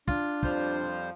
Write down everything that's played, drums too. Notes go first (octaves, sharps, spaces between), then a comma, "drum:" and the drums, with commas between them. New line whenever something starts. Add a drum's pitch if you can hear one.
D4 F4, drum: kick
F2 F3 G3 C5, drum: kick